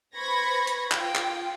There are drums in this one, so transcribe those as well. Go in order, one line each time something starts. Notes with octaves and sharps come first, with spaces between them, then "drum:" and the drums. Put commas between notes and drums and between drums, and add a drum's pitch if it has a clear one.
B4 C5 B5 C#6 G#6 A#6
drum: hi-hat
F4 G5, drum: clap
drum: clap